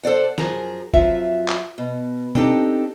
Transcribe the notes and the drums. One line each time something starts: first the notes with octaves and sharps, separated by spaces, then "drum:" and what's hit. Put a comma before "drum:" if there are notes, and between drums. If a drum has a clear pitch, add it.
A4 C5 D5 F#5
F#2 F3 G#4 A#4 A#5, drum: snare
F2 F#3 F4 E5, drum: kick G1
drum: clap
B2
C4 D4 D#4 G4 A4, drum: tom B2